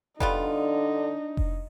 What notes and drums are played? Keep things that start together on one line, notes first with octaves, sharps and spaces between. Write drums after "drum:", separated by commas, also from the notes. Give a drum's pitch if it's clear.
D3 G3 B3 D4 D#4 F4, drum: kick F1
drum: kick F1